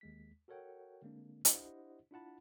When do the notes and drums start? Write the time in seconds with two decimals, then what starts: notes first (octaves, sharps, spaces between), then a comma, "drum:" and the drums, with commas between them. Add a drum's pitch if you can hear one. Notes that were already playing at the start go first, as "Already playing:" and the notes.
0.01 D#2 G#3 B6
0.48 F#4 A4 A#4 C#5 F#5 G5
1.02 D3 G#3 A#3 C4 D4
1.45 D4 E4 G4 C5 D#5 F#5, drum: hi-hat
2.11 D4 E4 F4 F#5 A5 B5